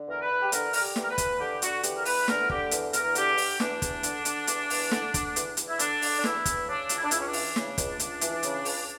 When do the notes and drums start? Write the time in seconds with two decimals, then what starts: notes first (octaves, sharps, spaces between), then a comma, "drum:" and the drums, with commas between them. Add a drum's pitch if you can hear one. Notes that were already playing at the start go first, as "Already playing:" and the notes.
Already playing: D3
0.08 E2 A#4
0.22 B4
0.30 E2
0.42 G4
0.52 D3 A#4, drum: hi-hat
0.73 D3 A#4, drum: open hi-hat
0.81 G4
0.96 E2, drum: snare
1.03 A#4
1.10 B4
1.18 E2, drum: kick, hi-hat
1.39 D3 G4
1.62 D3 F#4, drum: hi-hat
1.83 E2 G4, drum: hi-hat
1.97 A#4
2.05 E2 B4, drum: open hi-hat
2.28 D3 A#4, drum: snare
2.50 D3 G4, drum: kick
2.71 E2, drum: hi-hat
2.93 E2 A#4, drum: hi-hat
3.15 D3 G4, drum: hi-hat
3.38 D3, drum: open hi-hat
3.60 E2 D4, drum: snare
3.82 E2, drum: kick, hi-hat
4.03 D3, drum: hi-hat
4.25 D3, drum: hi-hat
4.47 E2, drum: hi-hat
4.70 E2, drum: open hi-hat
4.91 D3, drum: snare
5.14 D3, drum: kick, hi-hat
5.36 E2, drum: hi-hat
5.57 E2, drum: hi-hat
5.68 E4
5.79 D3 D4, drum: hi-hat
6.02 D3, drum: open hi-hat
6.19 D4
6.24 E2 E4, drum: snare
6.45 E2, drum: kick, hi-hat
6.68 C#3 D4
6.89 C#2, drum: hi-hat
6.97 E4
7.04 D4
7.11 C#2 E4, drum: hi-hat
7.20 C#4
7.27 D4
7.33 E3, drum: open hi-hat
7.56 C#3, drum: snare
7.78 C#2, drum: kick, hi-hat
7.99 C#2, drum: hi-hat
8.21 E3, drum: hi-hat
8.43 C#3, drum: hi-hat
8.65 C#2, drum: open hi-hat